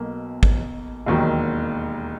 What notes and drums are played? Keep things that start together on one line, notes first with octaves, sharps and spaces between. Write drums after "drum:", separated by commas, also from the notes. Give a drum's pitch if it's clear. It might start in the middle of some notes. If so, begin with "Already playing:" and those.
Already playing: B1 B2 A#3
drum: kick
E1 D#2 D#3 F#3